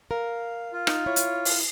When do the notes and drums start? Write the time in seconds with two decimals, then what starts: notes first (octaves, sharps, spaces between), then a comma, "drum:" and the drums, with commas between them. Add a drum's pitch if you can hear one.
0.11 A#4 F5
0.73 F4
0.87 D#4, drum: rim click
1.06 E4 C#5
1.16 drum: hi-hat
1.45 drum: open hi-hat